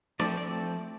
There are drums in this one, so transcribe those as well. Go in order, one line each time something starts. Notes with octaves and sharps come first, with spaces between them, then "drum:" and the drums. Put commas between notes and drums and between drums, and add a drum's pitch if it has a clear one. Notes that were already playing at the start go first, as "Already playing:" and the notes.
F3 A3 C4 D5, drum: snare
D5